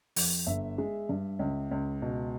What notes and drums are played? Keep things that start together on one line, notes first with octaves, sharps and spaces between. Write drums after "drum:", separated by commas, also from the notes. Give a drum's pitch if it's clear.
F2, drum: open hi-hat
G1 E5
G#3
G2
C#2
C#2
B2